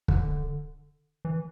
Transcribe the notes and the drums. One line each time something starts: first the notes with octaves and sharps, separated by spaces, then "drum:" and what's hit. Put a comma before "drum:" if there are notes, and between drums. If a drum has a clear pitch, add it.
D3, drum: kick
E3